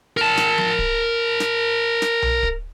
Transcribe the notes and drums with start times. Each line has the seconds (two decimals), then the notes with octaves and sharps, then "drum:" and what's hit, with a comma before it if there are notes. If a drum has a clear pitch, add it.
0.17 A#4 A5
0.37 drum: snare
0.58 drum: tom F3
0.79 drum: kick D1
1.40 drum: snare
2.02 drum: snare
2.22 drum: tom B1
2.43 drum: kick D1